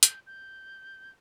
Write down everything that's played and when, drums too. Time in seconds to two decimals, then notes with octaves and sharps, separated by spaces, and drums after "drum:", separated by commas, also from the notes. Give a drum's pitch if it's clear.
0.03 G6, drum: hi-hat
0.26 G6